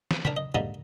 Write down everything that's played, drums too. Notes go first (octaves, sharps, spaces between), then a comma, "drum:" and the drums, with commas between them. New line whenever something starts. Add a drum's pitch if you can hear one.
drum: snare
D4 A#4 G5 B5, drum: tom C#3
D#5
G#2 D3 G3 A#3 D#4